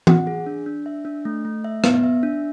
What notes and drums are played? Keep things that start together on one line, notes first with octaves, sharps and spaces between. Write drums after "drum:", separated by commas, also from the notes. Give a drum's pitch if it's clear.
F#5, drum: tom E3
G#4
D4
D4
E5
D4
A3
A3
E5
B3, drum: rim click
E5
D4